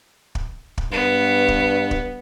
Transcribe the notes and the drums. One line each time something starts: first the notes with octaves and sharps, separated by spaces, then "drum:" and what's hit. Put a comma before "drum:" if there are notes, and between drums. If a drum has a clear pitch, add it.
drum: kick
drum: kick
G2 B3
drum: kick
drum: kick